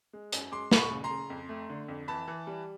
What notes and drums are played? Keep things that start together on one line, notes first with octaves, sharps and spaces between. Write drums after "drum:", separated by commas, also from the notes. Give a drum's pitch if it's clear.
G#3
F#2, drum: hi-hat
G#3 C6 D6
G#3, drum: snare
B5 C#6
C#3
A#5 C6
C#3
F2
A3
D3
F2
E3 A5 B5
E3
G3